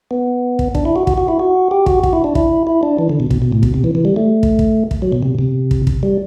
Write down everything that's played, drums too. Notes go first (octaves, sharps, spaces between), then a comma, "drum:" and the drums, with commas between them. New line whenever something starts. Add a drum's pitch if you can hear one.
B3
drum: kick
D4, drum: kick
E4
F#4
F#4, drum: kick
F#4
E4
F#4
G4
F#4, drum: kick
F#4, drum: kick
E4
D4
E4, drum: kick
E4
D4
E3
D3
B2
B2, drum: kick
B2
A2
B2, drum: kick
C3
E3
E3
G3
A3
drum: kick
drum: kick
drum: kick
F#3
B2
C3
C3
drum: kick
drum: kick
G3